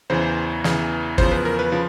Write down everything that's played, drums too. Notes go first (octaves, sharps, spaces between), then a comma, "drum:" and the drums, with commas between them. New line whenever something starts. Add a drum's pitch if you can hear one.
E2 C#3 E3 C5
E2 C#3 E3, drum: snare
E2 C#3 F3 C5, drum: kick
B4
A#4
B4
C#3 F3